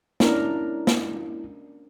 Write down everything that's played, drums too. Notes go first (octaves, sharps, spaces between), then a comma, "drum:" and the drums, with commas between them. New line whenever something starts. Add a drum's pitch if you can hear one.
C#4 D4 E4 A#4, drum: snare
drum: snare